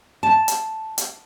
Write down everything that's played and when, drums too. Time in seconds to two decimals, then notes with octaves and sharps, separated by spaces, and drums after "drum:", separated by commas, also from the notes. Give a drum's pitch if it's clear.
0.23 A5
0.48 drum: hi-hat
0.98 drum: hi-hat